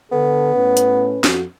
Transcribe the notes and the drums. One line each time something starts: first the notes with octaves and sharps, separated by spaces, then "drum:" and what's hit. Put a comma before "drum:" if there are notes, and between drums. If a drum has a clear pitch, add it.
D3 B3 A4
A2 C#4 B4
drum: hi-hat
F2 F#4, drum: snare